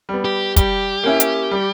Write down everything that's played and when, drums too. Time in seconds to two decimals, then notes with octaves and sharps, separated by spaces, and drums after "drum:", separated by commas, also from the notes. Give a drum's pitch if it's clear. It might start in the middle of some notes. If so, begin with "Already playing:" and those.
0.09 G3 B3
0.25 G4
0.56 G3 G4, drum: kick, hi-hat
1.04 A#3 C#4 E4
1.20 drum: hi-hat
1.51 G3